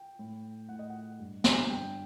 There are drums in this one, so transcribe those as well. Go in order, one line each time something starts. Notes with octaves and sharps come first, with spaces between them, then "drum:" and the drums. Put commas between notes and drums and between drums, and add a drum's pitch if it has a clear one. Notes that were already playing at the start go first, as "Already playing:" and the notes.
Already playing: G5
A2
A2 F#5
D#5
F#5
G2
D3, drum: snare
G2 G5